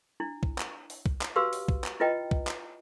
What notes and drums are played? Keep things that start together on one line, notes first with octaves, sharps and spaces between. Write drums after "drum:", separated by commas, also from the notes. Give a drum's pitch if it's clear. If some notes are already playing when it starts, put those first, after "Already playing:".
D4 E4
drum: kick
drum: clap
drum: open hi-hat
drum: kick
drum: clap
F#4 G4 B4 F5 C6 E6
drum: open hi-hat
drum: kick
drum: clap
E4 F4 B4 D#5 G5 A#5
drum: kick
drum: clap